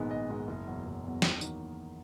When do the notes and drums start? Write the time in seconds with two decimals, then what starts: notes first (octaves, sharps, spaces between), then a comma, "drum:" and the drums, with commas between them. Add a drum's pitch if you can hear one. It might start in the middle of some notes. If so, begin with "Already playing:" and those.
Already playing: A#1 G#2 D#3 G#3 B3
0.11 A#1 D#5
0.29 G#2 D#3 G#3 B3
0.47 F#1
0.67 E2 B2 F#3
0.85 F#1
1.04 E2 B2 F#3
1.22 E2, drum: snare
1.41 D#3 F#3 A#3 D#4, drum: tambourine